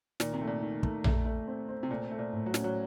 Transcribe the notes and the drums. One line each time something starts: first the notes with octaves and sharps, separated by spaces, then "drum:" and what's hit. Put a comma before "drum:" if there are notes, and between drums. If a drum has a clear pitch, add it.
A#2 D#3, drum: snare
C3
A3
A#2
D#3
A3, drum: kick
A3, drum: tom A#1
A3
C4
C4
C3
A#2 A3
A3
A#2
A2
F#3
C#4, drum: snare
F#3